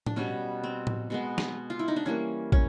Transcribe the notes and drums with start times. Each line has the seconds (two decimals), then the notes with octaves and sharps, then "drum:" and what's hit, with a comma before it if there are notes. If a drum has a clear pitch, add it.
0.06 D4, drum: tom A2
0.16 B2 G3 B3 C#4
0.64 C4
0.87 drum: tom A2
1.10 B2 G#3 B3
1.38 drum: snare
1.70 F4
1.79 E4
1.88 D#4
1.96 D4
2.05 E3 G3 A#3 C#4
2.52 C#4, drum: kick